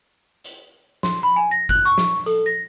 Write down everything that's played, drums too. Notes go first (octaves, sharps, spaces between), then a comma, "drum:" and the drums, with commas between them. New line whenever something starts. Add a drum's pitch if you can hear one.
drum: hi-hat
C6, drum: snare
B5
G#5
A#6
F#6, drum: kick G1
C#6
drum: snare
A4, drum: hi-hat
A#6